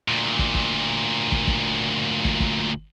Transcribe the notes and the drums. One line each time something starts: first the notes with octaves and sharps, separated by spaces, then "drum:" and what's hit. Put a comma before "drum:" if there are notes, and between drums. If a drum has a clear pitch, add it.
D2 A#2
drum: kick
drum: kick
drum: kick
drum: kick
drum: kick
drum: kick